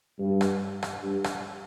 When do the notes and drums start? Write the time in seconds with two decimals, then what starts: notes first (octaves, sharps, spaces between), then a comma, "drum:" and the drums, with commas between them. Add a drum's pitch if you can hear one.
0.20 G2
0.41 drum: rim click
0.83 drum: rim click
1.03 G2
1.24 drum: rim click